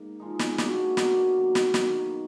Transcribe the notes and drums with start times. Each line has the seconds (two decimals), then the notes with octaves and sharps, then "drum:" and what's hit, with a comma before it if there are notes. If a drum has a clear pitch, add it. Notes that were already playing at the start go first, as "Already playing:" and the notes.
Already playing: G#2 A#3
0.19 F3 G#3 D#4
0.39 drum: snare
0.58 B2 A#3 D4 F#4, drum: snare
0.97 B2 A#3 D4 F#4, drum: snare
1.36 F#2 D#3 F#3
1.55 drum: snare
1.74 F#2 D#3 F#3, drum: snare